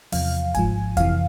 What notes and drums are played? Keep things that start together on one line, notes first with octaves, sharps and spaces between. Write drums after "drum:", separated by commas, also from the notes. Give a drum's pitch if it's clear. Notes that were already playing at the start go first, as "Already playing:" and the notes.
E2 C3 F3 F5, drum: open hi-hat
G#1 G#2 F3 G#5, drum: kick F1, hi-hat
F2 C3 E3 F5, drum: kick F1, hi-hat